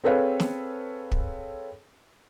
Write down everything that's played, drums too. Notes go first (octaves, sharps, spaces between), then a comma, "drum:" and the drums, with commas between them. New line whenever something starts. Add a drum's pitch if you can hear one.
C4 G#4 A4 B4 C#5 F5
drum: snare
drum: kick